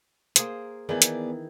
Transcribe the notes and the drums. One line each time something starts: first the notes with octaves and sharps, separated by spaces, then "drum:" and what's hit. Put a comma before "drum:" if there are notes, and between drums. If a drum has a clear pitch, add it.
A#3 G#4 C5, drum: hi-hat
D#3 E3 B3 G#4 D5
drum: hi-hat